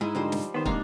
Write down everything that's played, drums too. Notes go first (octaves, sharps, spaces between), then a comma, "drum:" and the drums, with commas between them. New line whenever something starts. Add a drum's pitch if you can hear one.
G#2 G#3 D#4 E4 D#5
D3 F3 G3 C5
drum: snare
D#3 B3 C5
G#2 C3 A#3 D4 D#4 F5, drum: kick